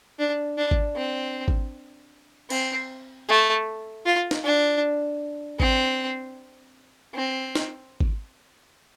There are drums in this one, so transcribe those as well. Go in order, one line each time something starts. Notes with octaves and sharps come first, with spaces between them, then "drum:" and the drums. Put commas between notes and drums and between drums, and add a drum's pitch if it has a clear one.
D4
D4
drum: kick G#1
C4
drum: kick G#1
C4, drum: cymbal
A3
F4
drum: snare
D4
C4, drum: kick G#1
C4
drum: snare
drum: kick G#1